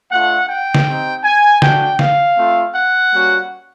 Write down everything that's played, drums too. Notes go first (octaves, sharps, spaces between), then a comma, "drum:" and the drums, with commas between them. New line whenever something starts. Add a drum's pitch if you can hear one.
A3 D4 F4 F#5
G5
drum: snare
C4 D#4 G4
G#5
A3 D4 F#4 G5, drum: snare
F5, drum: snare
A3 C4 F4
F#5
G3 A#3 C#4 F#4